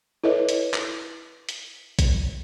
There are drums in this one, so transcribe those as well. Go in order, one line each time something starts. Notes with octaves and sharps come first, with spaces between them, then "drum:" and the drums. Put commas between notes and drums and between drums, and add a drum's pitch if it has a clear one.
E4 A4 B4 C#5 D#5 E5
drum: hi-hat
drum: clap
drum: hi-hat
drum: kick A#1, hi-hat